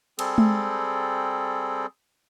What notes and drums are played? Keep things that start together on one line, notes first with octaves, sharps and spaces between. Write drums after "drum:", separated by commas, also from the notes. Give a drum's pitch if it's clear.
G3 C4 G#4 A4, drum: cymbal
drum: tom G#3